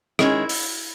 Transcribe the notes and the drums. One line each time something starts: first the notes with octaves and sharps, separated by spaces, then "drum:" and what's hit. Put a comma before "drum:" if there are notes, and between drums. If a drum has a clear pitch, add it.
D#3 G#3 C#4 E4, drum: rim click
drum: open hi-hat